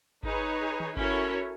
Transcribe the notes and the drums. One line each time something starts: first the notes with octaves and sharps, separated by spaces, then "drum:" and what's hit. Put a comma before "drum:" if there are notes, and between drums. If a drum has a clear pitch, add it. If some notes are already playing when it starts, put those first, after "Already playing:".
D#4 G#4 B4 C#5, drum: kick G#1
drum: tom D#3
C#4 E4 F#4 A4 A#4 C#5, drum: kick G#1